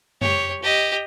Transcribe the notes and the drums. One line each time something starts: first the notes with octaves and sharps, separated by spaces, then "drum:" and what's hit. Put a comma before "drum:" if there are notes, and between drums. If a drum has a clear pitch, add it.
G4 C#5, drum: tom F2
G4 D#5